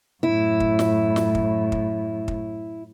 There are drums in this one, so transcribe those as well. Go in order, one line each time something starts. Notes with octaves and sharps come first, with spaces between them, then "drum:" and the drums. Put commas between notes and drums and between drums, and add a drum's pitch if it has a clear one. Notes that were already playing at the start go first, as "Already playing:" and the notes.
F#2 A2 E4
drum: kick
drum: snare
drum: snare
drum: kick
drum: kick
drum: kick